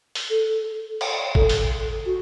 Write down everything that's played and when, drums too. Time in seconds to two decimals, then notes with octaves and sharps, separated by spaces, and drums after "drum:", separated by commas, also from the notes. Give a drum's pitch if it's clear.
0.15 drum: open hi-hat
0.30 A4
1.01 drum: cymbal
1.35 A4, drum: kick
1.49 drum: open hi-hat
2.06 F#4